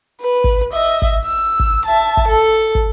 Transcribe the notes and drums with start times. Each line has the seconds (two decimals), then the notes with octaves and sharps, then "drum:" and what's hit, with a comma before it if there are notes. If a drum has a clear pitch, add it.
0.21 B4
0.44 drum: kick
0.73 D#5 E5
1.02 drum: kick
1.25 E6
1.60 drum: kick
1.85 E5 A5
2.17 drum: kick
2.28 A4
2.75 drum: kick